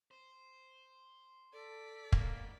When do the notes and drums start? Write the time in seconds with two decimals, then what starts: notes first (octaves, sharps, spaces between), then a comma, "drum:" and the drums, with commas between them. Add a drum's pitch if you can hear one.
0.11 C5
1.53 A4 D5 B6
2.12 G#2 B2 A#3, drum: kick